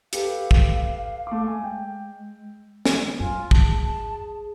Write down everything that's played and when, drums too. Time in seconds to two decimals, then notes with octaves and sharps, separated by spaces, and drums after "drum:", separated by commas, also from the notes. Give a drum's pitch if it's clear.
0.13 G4 A4 B4 F5, drum: hi-hat
0.51 drum: kick
1.27 A3 D6
1.47 G#3 G#5
1.64 G5
2.85 drum: snare
3.20 F#2 F4 G#5
3.51 G#4 A5, drum: kick